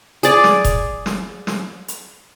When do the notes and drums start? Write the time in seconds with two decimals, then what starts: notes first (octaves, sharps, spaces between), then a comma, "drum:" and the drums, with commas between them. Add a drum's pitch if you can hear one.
0.23 G#4 D5, drum: hi-hat
0.44 drum: snare
0.64 drum: kick F1, hi-hat
1.06 drum: snare
1.47 drum: snare
1.88 drum: hi-hat